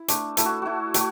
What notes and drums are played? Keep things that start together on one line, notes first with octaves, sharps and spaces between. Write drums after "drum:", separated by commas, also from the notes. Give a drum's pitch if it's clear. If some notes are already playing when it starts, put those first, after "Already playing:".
Already playing: E4
A3 D4, drum: hi-hat
A3 E4 A4, drum: hi-hat
F#4
A3 E4 F#4
A3 F#4, drum: hi-hat